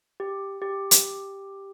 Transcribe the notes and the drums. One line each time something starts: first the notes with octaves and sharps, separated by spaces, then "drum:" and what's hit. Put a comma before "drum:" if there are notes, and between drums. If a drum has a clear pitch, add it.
G4
G4
drum: hi-hat